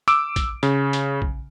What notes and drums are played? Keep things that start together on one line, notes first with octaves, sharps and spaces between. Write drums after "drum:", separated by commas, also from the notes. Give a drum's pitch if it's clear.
D6 E6 D7, drum: hi-hat
drum: kick, hi-hat
C#3, drum: hi-hat
drum: hi-hat
drum: kick